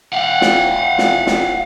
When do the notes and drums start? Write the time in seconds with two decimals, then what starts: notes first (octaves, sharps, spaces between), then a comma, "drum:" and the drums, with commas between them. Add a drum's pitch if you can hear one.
0.13 F5 F#5
0.41 drum: snare
0.98 drum: snare
1.27 drum: snare